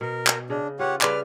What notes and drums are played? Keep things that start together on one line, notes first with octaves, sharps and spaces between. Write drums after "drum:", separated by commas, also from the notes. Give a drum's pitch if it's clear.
B2 A#4
drum: clap
C#3 D4 D#5
F4 G4 B4 C#5 F#5
C#3 G3 B4 D5 D6 F6, drum: clap